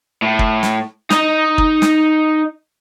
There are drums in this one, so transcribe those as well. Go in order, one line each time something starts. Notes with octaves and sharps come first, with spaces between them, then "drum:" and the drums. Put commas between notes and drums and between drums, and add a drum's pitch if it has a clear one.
A2
drum: kick
drum: snare
D#4 D#5, drum: snare
drum: kick
drum: snare